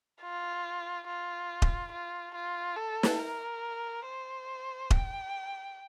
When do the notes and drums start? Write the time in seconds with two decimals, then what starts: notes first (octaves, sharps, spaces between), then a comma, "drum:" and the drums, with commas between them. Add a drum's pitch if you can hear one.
0.22 F4
1.07 F4
1.62 drum: kick D#1
1.92 F4
2.35 F4
2.77 A4
3.03 drum: snare
3.19 A#4
4.05 C5
4.90 G5, drum: kick D#1